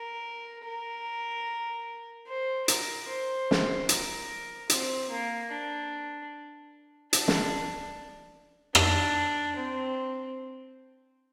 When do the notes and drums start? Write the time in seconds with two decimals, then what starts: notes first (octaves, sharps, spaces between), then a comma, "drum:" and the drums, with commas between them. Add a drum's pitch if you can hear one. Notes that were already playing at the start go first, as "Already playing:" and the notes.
Already playing: A#4
0.65 A#4
2.27 C5
2.68 A#4, drum: hi-hat
3.09 C5
3.51 drum: snare
3.89 A#4, drum: hi-hat
4.69 C4, drum: hi-hat
5.10 A#3
5.51 D4
7.13 D4, drum: hi-hat
7.28 drum: snare
8.75 D4, drum: rim click
9.56 C4